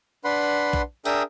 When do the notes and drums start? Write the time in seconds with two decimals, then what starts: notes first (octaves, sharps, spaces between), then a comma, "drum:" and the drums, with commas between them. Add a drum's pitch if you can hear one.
0.24 D4 B4 F#5 B5 C6
0.73 drum: kick
1.05 D4 G#4 A#4 E5 G5 D#6, drum: tambourine